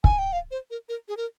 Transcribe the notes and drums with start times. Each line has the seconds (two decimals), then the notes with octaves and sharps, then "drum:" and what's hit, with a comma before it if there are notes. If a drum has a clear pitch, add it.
0.04 G#5, drum: kick
0.18 G5
0.33 F5
0.51 C5
0.70 A#4
0.89 A#4
1.08 G#4
1.17 A#4